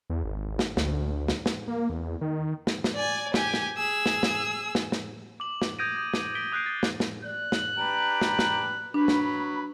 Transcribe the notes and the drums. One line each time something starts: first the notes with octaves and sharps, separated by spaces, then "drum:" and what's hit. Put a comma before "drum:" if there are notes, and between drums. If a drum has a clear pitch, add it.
E2
G#1
drum: snare
D2, drum: snare
drum: snare
drum: snare
A#3
E2
D#3
drum: snare
drum: snare
D5 G#5
G4 G#5, drum: snare
drum: snare
G#4 E6
drum: snare
drum: snare
drum: snare
drum: snare
D6 F#7
drum: snare
D#6 G6 G#6 A#6 D7 D#7
D#6 G6
drum: snare
B6 D7 G7
D#6 F#6 G6 C7 D7
A6
drum: snare
drum: snare
D5 F#6
drum: snare
D4 G4 B4 A#5
drum: snare
drum: snare
F#3 D4 B4 B5
drum: snare